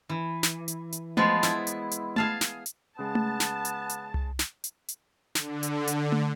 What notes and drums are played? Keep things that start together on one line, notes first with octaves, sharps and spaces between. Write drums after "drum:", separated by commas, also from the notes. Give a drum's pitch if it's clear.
E3
drum: snare
drum: hi-hat
drum: hi-hat
F3 G#3 B3, drum: tom A3
E4, drum: snare
drum: hi-hat
drum: hi-hat
G#4 F5 A5, drum: tom A3
drum: snare
drum: hi-hat
C#3 G#3 B3 A5
drum: tom A3
drum: snare
drum: hi-hat
drum: hi-hat
drum: tom C2
drum: snare
drum: hi-hat
drum: hi-hat
D3, drum: snare
drum: hi-hat
drum: hi-hat
drum: tom A3